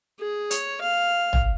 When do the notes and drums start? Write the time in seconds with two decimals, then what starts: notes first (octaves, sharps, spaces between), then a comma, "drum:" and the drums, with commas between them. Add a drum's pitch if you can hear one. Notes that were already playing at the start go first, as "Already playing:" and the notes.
0.20 G#4
0.51 C#5, drum: hi-hat
0.82 F5
1.33 drum: tom